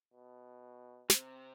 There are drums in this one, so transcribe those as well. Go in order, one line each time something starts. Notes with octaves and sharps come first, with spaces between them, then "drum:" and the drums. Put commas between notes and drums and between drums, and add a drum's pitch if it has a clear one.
B2
C3 C4, drum: snare